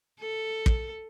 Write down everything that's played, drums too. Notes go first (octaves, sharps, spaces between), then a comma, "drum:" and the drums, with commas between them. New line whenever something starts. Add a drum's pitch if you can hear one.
A4
drum: kick